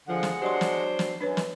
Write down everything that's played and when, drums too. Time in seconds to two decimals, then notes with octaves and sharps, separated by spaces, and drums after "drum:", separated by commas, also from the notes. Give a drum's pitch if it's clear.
0.08 D3 F3 G#3 F#5
0.23 drum: snare
0.42 F#3 D4 G4 C5 D#5 C6
0.61 drum: snare
0.99 drum: snare
1.21 F#2 D4 B4 C#5
1.37 drum: snare